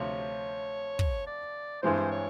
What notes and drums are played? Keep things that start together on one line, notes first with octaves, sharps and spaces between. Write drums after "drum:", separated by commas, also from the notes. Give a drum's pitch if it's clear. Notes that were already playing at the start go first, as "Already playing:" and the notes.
Already playing: D2 C3 F3 C#5
drum: kick
D5
G2 E3 G#3 C4 C5
C#5